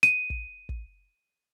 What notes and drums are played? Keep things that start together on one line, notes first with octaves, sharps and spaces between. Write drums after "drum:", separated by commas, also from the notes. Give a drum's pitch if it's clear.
D#7, drum: hi-hat
drum: kick
drum: kick